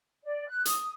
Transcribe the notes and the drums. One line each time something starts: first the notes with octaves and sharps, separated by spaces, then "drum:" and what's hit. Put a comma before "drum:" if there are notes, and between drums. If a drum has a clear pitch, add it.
D5
F#6
D#6, drum: hi-hat